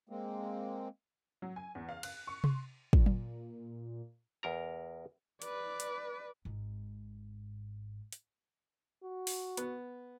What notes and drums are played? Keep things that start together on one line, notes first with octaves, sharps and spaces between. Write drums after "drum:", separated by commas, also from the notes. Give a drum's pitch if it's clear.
G#3 A#3 C4
F#3
G#5
E2
F5
F#6, drum: cymbal
C#6
C6, drum: tom C3
A#2, drum: kick
drum: tom F#3
E2 A#4 A#5
B4 D5, drum: hi-hat
drum: hi-hat
G#1 G#2
drum: hi-hat
F#4
drum: open hi-hat
B3, drum: hi-hat